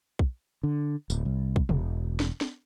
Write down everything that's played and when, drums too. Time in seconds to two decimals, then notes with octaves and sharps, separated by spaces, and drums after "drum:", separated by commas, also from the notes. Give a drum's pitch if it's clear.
0.19 drum: kick
0.63 D3
1.10 D1, drum: tambourine
1.25 C2
1.56 drum: kick
1.69 E1, drum: tom
2.20 drum: snare
2.41 drum: snare